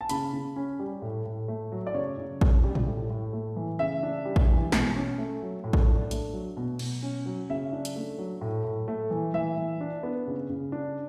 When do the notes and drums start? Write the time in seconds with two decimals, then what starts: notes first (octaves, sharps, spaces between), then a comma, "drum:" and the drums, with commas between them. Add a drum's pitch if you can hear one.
0.01 A5
0.09 C#3 B5, drum: hi-hat
0.33 C#3
0.56 C#4
0.79 G3
1.02 A2
1.26 A2
1.48 A3
1.72 F#3
1.87 D5
1.94 C#3 C#5
2.18 C#3
2.41 C#4, drum: kick A#1
2.64 G3
2.75 drum: tom A2
2.87 A2
3.10 A2
3.33 A3
3.56 E3
3.79 C#3 E5
4.03 D4
4.25 G3
4.36 drum: kick A#1
4.49 E3
4.72 B2, drum: snare
4.96 C#4
5.18 A3
5.42 F#3
5.64 A2
5.73 drum: kick A#1
5.88 D4
6.11 A3, drum: hi-hat
6.33 F#3
6.57 B2
6.79 B2, drum: cymbal
7.02 C#4
7.26 F#3
7.50 C#3 E5
7.73 D4
7.85 drum: hi-hat
7.96 A3
8.18 F#3
8.41 A2
8.65 A2
8.88 A3
9.11 E3
9.34 E3 E5
9.57 E3
9.81 D4
10.03 B3
10.27 C#3
10.50 C#3
10.72 D4